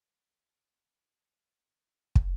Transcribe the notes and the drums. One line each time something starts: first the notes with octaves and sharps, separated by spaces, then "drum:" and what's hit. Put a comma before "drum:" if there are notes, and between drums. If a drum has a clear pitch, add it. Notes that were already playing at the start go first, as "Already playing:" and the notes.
F4 G#4
G4
C#4
A3
drum: kick